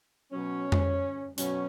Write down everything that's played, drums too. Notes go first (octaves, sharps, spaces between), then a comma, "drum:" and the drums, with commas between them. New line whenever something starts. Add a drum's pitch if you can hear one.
B2 F#3 C#4
drum: tom F2
B2 F#3 C#4, drum: hi-hat